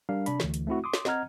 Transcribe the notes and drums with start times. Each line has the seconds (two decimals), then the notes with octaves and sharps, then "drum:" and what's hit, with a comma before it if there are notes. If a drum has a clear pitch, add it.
0.09 G3 D4 A#4 F5
0.26 C3 D4 B5, drum: hi-hat
0.40 D2 E3, drum: snare
0.54 drum: hi-hat
0.67 A3 C4 E4 F#4
0.84 C6 D6 D#6
0.94 drum: snare
1.05 C4 D#5 F#5 A#5 F6 G#6, drum: snare